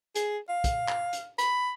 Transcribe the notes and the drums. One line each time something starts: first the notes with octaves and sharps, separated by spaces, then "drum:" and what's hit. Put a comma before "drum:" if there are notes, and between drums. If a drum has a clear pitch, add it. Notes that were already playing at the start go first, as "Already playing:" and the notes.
G#4, drum: hi-hat
F5
drum: kick, hi-hat
drum: clap
drum: hi-hat
B5, drum: hi-hat